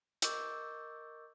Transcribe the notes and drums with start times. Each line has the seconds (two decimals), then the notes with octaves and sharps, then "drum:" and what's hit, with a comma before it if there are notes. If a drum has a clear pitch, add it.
0.22 A#4 D#5 C#6 D6 E6 G6, drum: hi-hat